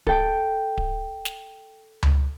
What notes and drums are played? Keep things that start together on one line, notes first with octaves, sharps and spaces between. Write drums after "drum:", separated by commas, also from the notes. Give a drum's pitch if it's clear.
A4 G5 D7, drum: kick D1
drum: kick D1
drum: snare
drum: tom C#2